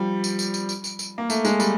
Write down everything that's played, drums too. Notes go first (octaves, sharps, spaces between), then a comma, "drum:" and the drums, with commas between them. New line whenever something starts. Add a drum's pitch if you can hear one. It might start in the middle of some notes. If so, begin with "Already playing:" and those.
Already playing: F3 G3
drum: tambourine
drum: tambourine
drum: tambourine
drum: tambourine
drum: tambourine
drum: tambourine
A#3
A3, drum: tambourine
G#3, drum: tambourine
G3, drum: tambourine